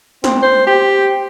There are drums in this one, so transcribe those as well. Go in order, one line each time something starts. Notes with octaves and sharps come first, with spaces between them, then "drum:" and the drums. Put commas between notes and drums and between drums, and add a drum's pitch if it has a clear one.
C4, drum: snare
C5
G4